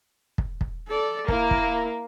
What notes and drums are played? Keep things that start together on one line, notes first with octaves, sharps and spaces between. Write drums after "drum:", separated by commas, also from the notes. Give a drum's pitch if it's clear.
drum: kick
drum: kick
A4 D5
A#3 E4, drum: kick
drum: kick